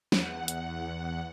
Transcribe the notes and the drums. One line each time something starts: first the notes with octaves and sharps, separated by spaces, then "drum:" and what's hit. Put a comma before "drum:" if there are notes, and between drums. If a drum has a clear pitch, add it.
E2 F#5, drum: snare
drum: hi-hat